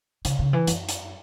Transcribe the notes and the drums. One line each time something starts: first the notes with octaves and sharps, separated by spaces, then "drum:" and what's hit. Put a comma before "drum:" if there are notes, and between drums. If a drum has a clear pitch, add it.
C#3, drum: hi-hat
C#3
E3
F#2, drum: hi-hat
drum: hi-hat